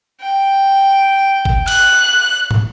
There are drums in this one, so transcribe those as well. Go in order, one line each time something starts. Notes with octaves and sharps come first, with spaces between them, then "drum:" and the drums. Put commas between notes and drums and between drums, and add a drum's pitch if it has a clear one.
G5
drum: kick
F#6, drum: cymbal
drum: tom